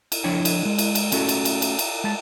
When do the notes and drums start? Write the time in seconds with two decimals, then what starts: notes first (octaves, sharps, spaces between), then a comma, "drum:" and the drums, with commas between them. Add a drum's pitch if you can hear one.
0.12 drum: cymbal
0.24 F3 D4 E4 C#5 G5
0.45 drum: cymbal
0.65 G#3
0.79 drum: cymbal
0.95 drum: cymbal
1.12 A3 C#4 F#4 A4, drum: cymbal
1.29 drum: cymbal
1.45 drum: cymbal
1.62 drum: cymbal
1.79 drum: cymbal
2.04 G#3 A5